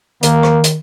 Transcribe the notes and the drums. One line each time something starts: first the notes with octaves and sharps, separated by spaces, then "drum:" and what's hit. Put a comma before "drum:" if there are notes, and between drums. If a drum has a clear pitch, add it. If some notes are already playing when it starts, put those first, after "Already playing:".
D#3 A#3, drum: hi-hat
drum: rim click
drum: hi-hat